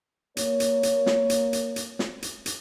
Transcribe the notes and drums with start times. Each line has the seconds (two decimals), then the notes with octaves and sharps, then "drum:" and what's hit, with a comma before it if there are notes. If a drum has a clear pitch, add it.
0.37 A#3 C#5, drum: hi-hat
0.60 drum: hi-hat
0.83 drum: hi-hat
1.06 drum: snare
1.30 drum: hi-hat
1.53 drum: hi-hat
1.76 drum: hi-hat
1.99 drum: snare
2.22 drum: hi-hat
2.46 drum: hi-hat